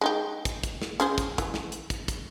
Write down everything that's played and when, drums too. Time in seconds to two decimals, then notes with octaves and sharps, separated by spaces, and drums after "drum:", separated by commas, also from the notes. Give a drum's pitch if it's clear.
0.01 G#3 D#4 G4
0.45 drum: kick, hi-hat
0.63 drum: kick, hi-hat
0.82 drum: snare
1.00 C#4 G#4 C5, drum: hi-hat
1.18 drum: kick, hi-hat
1.38 E3, drum: kick, hi-hat
1.54 drum: snare
1.72 drum: hi-hat
1.90 drum: kick, hi-hat
2.08 drum: kick, hi-hat